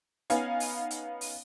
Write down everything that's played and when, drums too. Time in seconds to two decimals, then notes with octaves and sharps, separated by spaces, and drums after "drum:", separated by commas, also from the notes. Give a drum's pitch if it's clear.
0.30 B3 C#4 D#4 F5 G#5, drum: hi-hat
0.60 drum: open hi-hat
0.91 drum: hi-hat
1.21 drum: open hi-hat